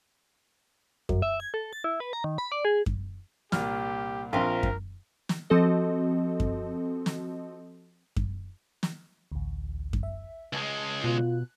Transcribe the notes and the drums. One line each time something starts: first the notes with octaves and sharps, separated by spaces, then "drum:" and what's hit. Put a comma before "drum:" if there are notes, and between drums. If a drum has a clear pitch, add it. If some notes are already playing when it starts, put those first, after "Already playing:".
F#2, drum: kick F#2
E5
G#6
A4
A6
E4
B4
A#5
D#3
B5
D5
G#4
drum: kick F#2
C2 A#2 G4 F6, drum: snare
A#1 C4 F4 A#4
drum: kick F#2
drum: snare
F3 C4 F#4 A4 D#5
drum: kick F#2
drum: snare
drum: kick F#2
drum: snare
A1 D2
drum: kick F#2
E5
C#2 G#3 G#5 A5 G#6
B2 F4 F#6